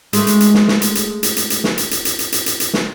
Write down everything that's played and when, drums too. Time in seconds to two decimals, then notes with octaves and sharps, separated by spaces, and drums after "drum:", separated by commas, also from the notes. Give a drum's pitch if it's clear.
0.13 G#3 A3, drum: hi-hat
0.27 drum: hi-hat
0.40 drum: hi-hat
0.54 drum: snare
0.68 drum: snare
0.82 drum: hi-hat
0.95 drum: hi-hat
1.23 drum: hi-hat
1.36 drum: hi-hat
1.50 drum: hi-hat
1.64 drum: snare
1.78 drum: hi-hat
1.91 drum: hi-hat
2.05 drum: hi-hat
2.19 drum: hi-hat
2.32 drum: hi-hat
2.46 drum: hi-hat
2.60 drum: hi-hat
2.74 drum: snare